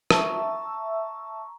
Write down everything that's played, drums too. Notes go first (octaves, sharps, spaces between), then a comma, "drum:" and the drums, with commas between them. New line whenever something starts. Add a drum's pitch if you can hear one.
E5 A5 A#5 C#6 E6, drum: rim click